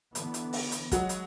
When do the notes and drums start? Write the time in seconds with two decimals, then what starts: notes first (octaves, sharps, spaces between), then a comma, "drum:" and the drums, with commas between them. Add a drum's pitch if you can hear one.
0.15 D3 E3 B3, drum: hi-hat
0.34 drum: hi-hat
0.53 drum: open hi-hat
0.72 drum: hi-hat
0.92 F#3 G#3 F#4, drum: kick, hi-hat
1.09 drum: hi-hat